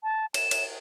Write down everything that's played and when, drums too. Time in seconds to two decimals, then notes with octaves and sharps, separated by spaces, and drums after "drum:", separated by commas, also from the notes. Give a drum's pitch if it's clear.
0.03 A5
0.34 E7, drum: cymbal
0.51 drum: cymbal